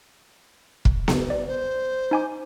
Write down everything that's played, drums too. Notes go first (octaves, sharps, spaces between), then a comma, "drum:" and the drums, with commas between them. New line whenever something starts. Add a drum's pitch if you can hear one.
drum: kick
drum: snare B3
D5
C5
D#4 G#5 D6